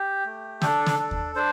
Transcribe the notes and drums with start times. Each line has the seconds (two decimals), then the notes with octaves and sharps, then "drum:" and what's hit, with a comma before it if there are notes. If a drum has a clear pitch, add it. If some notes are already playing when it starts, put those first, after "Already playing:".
Already playing: G4
0.25 A3
0.62 D4 A4, drum: snare
0.86 drum: snare
0.99 D4
1.11 drum: kick D#2
1.36 D4 C5